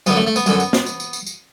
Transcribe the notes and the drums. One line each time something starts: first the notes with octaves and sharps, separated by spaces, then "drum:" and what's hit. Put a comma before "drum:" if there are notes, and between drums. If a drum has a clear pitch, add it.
F#2 D3 B3, drum: tambourine
A3
A3
B3, drum: tambourine
F#2 D3, drum: tambourine
drum: tambourine
drum: snare
drum: tambourine
drum: tambourine
drum: tambourine
drum: tambourine